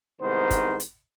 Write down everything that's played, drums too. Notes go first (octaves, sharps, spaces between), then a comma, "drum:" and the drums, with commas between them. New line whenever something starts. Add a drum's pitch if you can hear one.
C2 G#2 D#3 B3 C5
drum: kick, hi-hat
drum: hi-hat